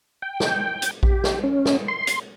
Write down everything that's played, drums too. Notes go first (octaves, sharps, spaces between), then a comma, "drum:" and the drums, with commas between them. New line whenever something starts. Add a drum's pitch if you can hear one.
G5
drum: snare
drum: hi-hat
G4, drum: kick A#1
drum: snare
C#4
drum: snare
C6
drum: hi-hat